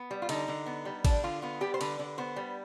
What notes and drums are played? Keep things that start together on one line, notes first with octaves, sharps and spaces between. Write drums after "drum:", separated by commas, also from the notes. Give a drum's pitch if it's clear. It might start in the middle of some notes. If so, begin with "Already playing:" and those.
Already playing: B3
G3
F4
D3 D#4, drum: cymbal
D3
B3
G3
D3 D4, drum: kick A1, cymbal
D3 F4
B3 F4
G3 G4
C5
D3 B4, drum: cymbal
D3
B3 C5
G3